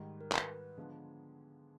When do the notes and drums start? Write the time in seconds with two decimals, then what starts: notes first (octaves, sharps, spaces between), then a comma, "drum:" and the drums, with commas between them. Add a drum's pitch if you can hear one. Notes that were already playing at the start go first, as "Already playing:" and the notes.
Already playing: G#2 D#3 G3
0.21 A#4
0.32 B4, drum: clap
0.77 D3 F3 G#3 B3